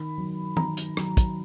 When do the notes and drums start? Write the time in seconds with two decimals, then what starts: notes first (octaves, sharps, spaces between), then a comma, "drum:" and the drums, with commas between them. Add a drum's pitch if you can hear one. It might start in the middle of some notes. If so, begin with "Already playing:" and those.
Already playing: D#3 B5
0.18 F#3
0.57 D#3 A#5, drum: tom
0.77 drum: hi-hat
0.97 F#3, drum: rim click
1.17 drum: kick, hi-hat